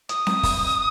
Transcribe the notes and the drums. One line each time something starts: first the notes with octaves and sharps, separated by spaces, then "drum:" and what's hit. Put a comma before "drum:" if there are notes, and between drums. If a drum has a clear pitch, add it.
D#6, drum: hi-hat
drum: snare C4
drum: kick, open hi-hat